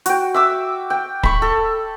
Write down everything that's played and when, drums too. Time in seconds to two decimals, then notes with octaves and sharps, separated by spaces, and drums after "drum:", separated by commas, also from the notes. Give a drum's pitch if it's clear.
0.06 F#4 G5, drum: hi-hat
0.34 E5 D6 E6
0.90 G5
1.23 B5 C#6, drum: kick
1.42 A4